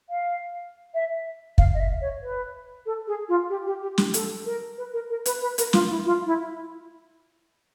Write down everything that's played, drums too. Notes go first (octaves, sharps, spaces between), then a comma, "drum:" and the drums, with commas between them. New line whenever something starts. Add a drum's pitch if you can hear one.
F5
E5
F5, drum: kick
D#5
E5
C#5
B4
A4
G#4
F4
G4
G4
G4
G4, drum: snare
A4, drum: hi-hat
A#4
B4
A#4
A#4
B4, drum: hi-hat
B4
A#4, drum: hi-hat
F4, drum: snare
E4
F4
E4